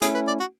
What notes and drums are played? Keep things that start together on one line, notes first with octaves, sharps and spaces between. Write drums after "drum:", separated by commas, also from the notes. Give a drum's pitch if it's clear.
A3 C#4 E4 G#4, drum: hi-hat
B4
D5
F#4